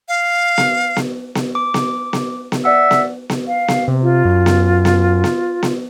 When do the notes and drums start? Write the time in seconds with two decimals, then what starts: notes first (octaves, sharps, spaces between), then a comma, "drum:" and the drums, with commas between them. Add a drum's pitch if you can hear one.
0.08 F5
0.58 drum: snare B3
0.96 drum: snare B3
1.35 drum: snare B3
1.55 D6
1.74 drum: snare B3
2.13 drum: snare B3
2.52 drum: snare B3
2.65 D5 E5 F#5
2.91 drum: snare B3
3.30 drum: snare B3
3.47 F5
3.68 drum: snare B3
3.88 C3
4.02 F4
4.25 F#2
4.46 drum: snare B3
4.85 drum: snare B3
5.24 drum: snare B3
5.63 drum: snare B3